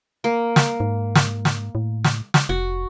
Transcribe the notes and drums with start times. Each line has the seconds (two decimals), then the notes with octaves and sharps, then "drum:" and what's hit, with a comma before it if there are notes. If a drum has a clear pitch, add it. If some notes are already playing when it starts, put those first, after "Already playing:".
0.24 A#3
0.56 drum: snare
0.80 G#2
1.15 drum: snare
1.45 drum: snare
1.75 A2
2.04 drum: snare
2.34 drum: snare
2.49 F1 F#4